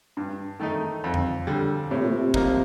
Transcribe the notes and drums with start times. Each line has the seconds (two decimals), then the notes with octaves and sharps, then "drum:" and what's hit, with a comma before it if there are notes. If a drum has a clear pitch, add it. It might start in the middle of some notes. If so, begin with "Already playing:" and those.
0.17 G2
0.60 D#3 A3 D#4
1.04 F2
1.14 drum: tom E2
1.47 D3 G3
1.91 A2 C3
2.01 A#2
2.11 C3
2.34 F3 A#3 D#4, drum: kick